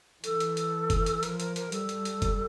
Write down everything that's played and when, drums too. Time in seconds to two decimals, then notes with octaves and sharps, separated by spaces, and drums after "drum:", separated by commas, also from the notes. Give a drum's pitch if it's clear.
0.24 E3 A4, drum: hi-hat
0.40 drum: hi-hat
0.57 drum: hi-hat
0.90 drum: kick, hi-hat
1.06 drum: hi-hat
1.23 F3 A#4, drum: hi-hat
1.40 A#4, drum: hi-hat
1.56 A#4, drum: hi-hat
1.72 G3 A4, drum: hi-hat
1.89 drum: hi-hat
2.05 drum: hi-hat
2.22 drum: kick, hi-hat